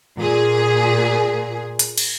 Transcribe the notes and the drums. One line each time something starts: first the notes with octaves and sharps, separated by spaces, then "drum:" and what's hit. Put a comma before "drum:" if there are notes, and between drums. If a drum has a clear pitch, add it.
A#2 G#4
drum: hi-hat
drum: cymbal